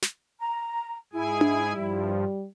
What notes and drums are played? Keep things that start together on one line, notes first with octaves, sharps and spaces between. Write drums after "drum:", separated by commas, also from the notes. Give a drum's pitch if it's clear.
drum: snare
A#5
G#2 E4 G#4 G#5
drum: tom D4
G2 F3 G3